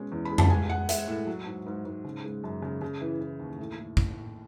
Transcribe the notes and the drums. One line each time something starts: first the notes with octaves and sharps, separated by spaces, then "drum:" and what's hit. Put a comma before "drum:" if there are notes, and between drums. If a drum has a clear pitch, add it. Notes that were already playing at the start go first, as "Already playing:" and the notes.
Already playing: B2 G#3 C#4
E2
B5
G#3
A5, drum: tom F2
G#3 G#5
G#3 F#5
G#3 E5, drum: hi-hat
A2
F#3
G#2
G#2
G#2
C#3
G#3
F#2
C#3
C#3
E3
E3
D#2
A2
A2
drum: kick